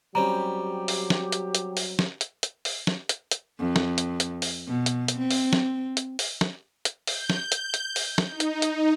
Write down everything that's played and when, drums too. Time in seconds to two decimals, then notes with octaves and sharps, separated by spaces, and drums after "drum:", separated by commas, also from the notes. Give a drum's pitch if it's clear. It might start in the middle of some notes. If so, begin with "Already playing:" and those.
0.15 F#3 G3 C4 C#4 G4 A#5
0.88 drum: open hi-hat
1.10 drum: snare
1.32 drum: hi-hat
1.55 drum: hi-hat
1.77 drum: open hi-hat
1.99 drum: snare
2.21 drum: hi-hat
2.43 drum: hi-hat
2.65 drum: open hi-hat
2.87 drum: snare
3.09 drum: hi-hat
3.31 drum: hi-hat
3.60 F2
3.76 drum: snare
3.98 drum: hi-hat
4.20 drum: hi-hat
4.42 drum: open hi-hat
4.67 B2
4.86 drum: hi-hat
5.08 drum: hi-hat
5.18 C4
5.31 drum: open hi-hat
5.53 drum: snare
5.97 drum: hi-hat
6.19 drum: open hi-hat
6.41 drum: snare
6.85 drum: hi-hat
7.07 G6, drum: open hi-hat
7.30 drum: snare
7.52 drum: hi-hat
7.74 drum: hi-hat
7.96 drum: open hi-hat
8.18 drum: snare
8.31 D#4
8.40 drum: hi-hat
8.62 drum: hi-hat